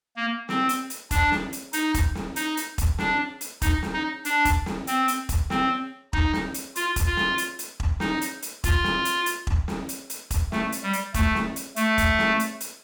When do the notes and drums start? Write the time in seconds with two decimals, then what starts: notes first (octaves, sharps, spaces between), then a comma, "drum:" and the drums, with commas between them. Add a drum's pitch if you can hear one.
0.16 A#3
0.49 C4, drum: snare
0.69 drum: hi-hat
0.90 drum: hi-hat
1.11 D4, drum: kick E1, hi-hat
1.32 drum: snare
1.53 drum: hi-hat
1.73 D#4, drum: hi-hat
1.94 drum: kick E1, hi-hat
2.15 drum: snare
2.36 D#4, drum: hi-hat
2.57 drum: hi-hat
2.78 drum: kick E1, hi-hat
2.98 D4, drum: snare
3.41 drum: hi-hat
3.62 D#4, drum: kick E1, hi-hat
3.83 drum: snare
3.94 D#4
4.25 D4, drum: hi-hat
4.45 drum: kick E1, hi-hat
4.66 drum: snare
4.87 C4, drum: hi-hat
5.08 drum: hi-hat
5.29 drum: kick E1, hi-hat
5.50 C4, drum: snare
6.13 D#4, drum: kick E1
6.33 drum: snare
6.54 drum: hi-hat
6.76 F4, drum: hi-hat
6.96 drum: kick E1, hi-hat
7.06 F4
7.17 drum: snare
7.38 drum: hi-hat
7.59 drum: hi-hat
7.80 drum: kick E1
8.00 D#4, drum: snare
8.21 drum: hi-hat
8.42 drum: hi-hat
8.64 F4, drum: kick E1, hi-hat
8.84 drum: snare
9.05 drum: hi-hat
9.26 drum: hi-hat
9.47 drum: kick E1
9.68 drum: snare
9.89 drum: hi-hat
10.10 drum: hi-hat
10.31 drum: kick E1, hi-hat
10.52 A3, drum: snare
10.72 drum: hi-hat
10.83 G3
10.93 drum: hi-hat
11.14 A3, drum: kick E1, hi-hat
11.35 drum: snare
11.56 drum: hi-hat
11.76 A3, drum: hi-hat
11.98 drum: kick E1, hi-hat
12.19 drum: snare
12.40 drum: hi-hat
12.60 drum: hi-hat